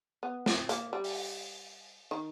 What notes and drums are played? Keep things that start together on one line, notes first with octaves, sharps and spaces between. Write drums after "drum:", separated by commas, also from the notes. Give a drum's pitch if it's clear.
B3
C4, drum: snare
A#3, drum: hi-hat
G3
drum: open hi-hat
D#3